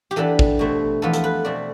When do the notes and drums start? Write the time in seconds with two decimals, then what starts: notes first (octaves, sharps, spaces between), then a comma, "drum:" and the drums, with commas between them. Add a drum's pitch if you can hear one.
0.11 G4
0.16 E3 B3 D4 A4
0.39 drum: kick A1
0.59 B2 A3 C4
1.02 F2 E3 B3 F4 A4
1.13 A4, drum: hi-hat
1.24 B4
1.45 B2 A3 C4 D5